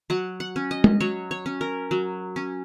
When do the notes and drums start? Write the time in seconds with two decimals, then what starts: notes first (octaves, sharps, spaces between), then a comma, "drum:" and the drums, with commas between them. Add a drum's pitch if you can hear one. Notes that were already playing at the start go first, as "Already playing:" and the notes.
0.10 F#3 F#5
0.40 F#5
0.56 C#4
0.71 D#5
0.84 drum: tom
1.00 F#3 C#5
1.31 C#5
1.46 C#4
1.61 A#4
1.91 F#3
2.36 C#4